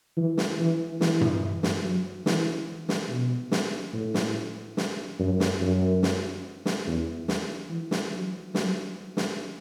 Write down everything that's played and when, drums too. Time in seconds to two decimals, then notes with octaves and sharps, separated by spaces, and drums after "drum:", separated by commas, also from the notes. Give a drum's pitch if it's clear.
0.17 E3
0.37 drum: snare
0.59 E3
1.01 E3, drum: snare
1.21 drum: tom G2
1.63 drum: snare
1.84 F#3
2.26 E3, drum: snare
2.89 drum: snare
3.09 B2
3.51 drum: snare
3.93 A2
4.14 drum: snare
4.77 drum: snare
5.19 F#2
5.40 drum: snare
5.61 F#2
6.03 drum: snare
6.66 drum: snare
6.87 E2
7.28 drum: snare
7.71 E3
7.91 drum: snare
8.13 F#3
8.55 F#3, drum: snare
9.17 drum: snare